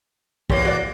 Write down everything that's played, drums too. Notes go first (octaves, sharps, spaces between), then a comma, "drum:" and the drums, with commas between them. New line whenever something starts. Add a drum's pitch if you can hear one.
E2 A#3 G4 C#5, drum: kick
F#4 D5